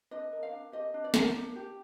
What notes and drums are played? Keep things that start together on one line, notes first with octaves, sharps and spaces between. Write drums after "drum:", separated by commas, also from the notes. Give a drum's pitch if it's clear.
D4 D#5
A#4
F5
D4
G4 D#5
D4
D5
A#4, drum: snare
D4
G4